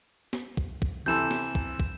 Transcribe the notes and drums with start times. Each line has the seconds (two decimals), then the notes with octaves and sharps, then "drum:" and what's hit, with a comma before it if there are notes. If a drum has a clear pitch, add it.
0.33 drum: snare
0.57 drum: kick
0.82 drum: kick
1.06 C3 E3 A4 G6 E7
1.31 drum: snare
1.55 drum: kick
1.80 drum: kick